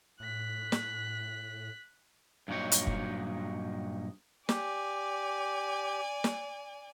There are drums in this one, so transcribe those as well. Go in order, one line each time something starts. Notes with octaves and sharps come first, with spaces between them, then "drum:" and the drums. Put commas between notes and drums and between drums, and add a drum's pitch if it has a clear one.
A2 F#6 B6
drum: snare
G2 A#2 F#3 D#4 C#5
drum: hi-hat
drum: kick
G4 D5 G#5, drum: snare
drum: snare